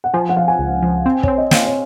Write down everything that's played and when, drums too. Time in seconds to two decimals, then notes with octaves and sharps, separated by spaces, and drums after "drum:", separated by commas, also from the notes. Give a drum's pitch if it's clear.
0.04 F#5
0.14 F3 G#5
0.29 F#5
0.37 F3 F5
0.48 G#5
0.59 C#2
0.82 F3
1.06 C4
1.23 C4 C#5, drum: kick
1.38 D#5
1.51 C4 F5, drum: snare
1.66 C#5